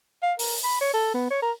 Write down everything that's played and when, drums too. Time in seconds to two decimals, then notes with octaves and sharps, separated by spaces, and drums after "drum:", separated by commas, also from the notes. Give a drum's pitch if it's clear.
0.23 F5
0.39 A#4, drum: open hi-hat
0.64 B5
0.81 C#5
0.93 A4
1.14 B3
1.30 C#5
1.42 A#4